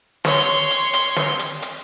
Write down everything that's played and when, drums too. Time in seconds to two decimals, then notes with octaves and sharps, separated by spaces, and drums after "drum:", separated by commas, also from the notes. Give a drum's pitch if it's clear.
0.25 C#5 C6, drum: snare
0.71 drum: hi-hat
0.93 drum: hi-hat
1.16 drum: snare
1.39 drum: hi-hat
1.62 drum: hi-hat